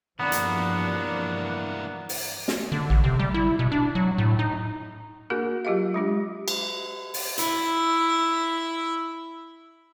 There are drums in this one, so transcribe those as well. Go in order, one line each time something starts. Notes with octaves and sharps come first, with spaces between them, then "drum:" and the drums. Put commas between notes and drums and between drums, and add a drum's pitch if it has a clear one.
G2 E3 F3 A#3 B3 D4 F#5
drum: hi-hat
drum: open hi-hat
drum: snare
D3
A1
C3
G3
E4
B2
D4
F#3
A2
D#4
A#3 D4 F#4 G#4 A#4
F#3 F4 G4 D#5 F5
G#3 D4 G4
drum: cymbal
drum: open hi-hat
E4 E5, drum: hi-hat